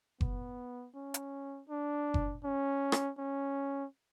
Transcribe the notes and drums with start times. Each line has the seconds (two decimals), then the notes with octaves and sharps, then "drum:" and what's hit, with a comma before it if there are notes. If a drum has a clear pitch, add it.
0.21 B3, drum: kick F#1
0.95 C#4
1.14 drum: hi-hat
1.69 D4
2.14 drum: kick F#1
2.44 C#4
2.92 drum: rim click
3.18 C#4